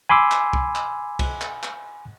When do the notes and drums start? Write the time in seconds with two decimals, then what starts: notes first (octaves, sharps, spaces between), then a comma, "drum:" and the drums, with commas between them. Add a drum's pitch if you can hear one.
0.09 G#5 B5 C6 D6 E6
0.31 drum: clap
0.53 drum: kick C2
0.75 drum: clap
1.19 drum: kick C2, cymbal
1.41 drum: clap
1.63 drum: clap